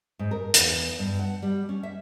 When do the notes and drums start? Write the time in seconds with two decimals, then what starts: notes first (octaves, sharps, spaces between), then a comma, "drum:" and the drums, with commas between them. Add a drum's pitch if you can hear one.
0.19 G#2
0.31 A#4
0.54 E2, drum: hi-hat
0.99 G2
1.19 F#5
1.42 G3
1.69 C#4
1.83 E5